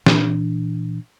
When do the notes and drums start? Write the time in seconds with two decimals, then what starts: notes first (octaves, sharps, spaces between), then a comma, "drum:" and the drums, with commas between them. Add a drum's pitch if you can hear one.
0.06 A#2 E3 D4, drum: snare